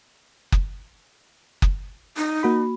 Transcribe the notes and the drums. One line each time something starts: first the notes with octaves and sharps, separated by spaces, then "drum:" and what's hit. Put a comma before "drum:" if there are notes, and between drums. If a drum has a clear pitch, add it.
drum: kick F#1
drum: kick F#1
D#4
A#3 F#4 B5